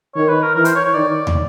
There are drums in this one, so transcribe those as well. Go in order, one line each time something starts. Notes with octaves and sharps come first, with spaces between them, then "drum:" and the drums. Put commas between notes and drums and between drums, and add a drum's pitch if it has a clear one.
D#3 C#5
B4
A#4
E3 A#4
C5, drum: hi-hat
C#5
C#5
D#3 D5
drum: tom